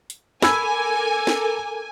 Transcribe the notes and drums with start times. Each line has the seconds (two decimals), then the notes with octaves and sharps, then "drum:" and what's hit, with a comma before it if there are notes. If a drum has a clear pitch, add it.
0.10 drum: hi-hat
0.42 A4 A#4 G#5 B5 D6 E6 G#6, drum: snare
1.27 drum: snare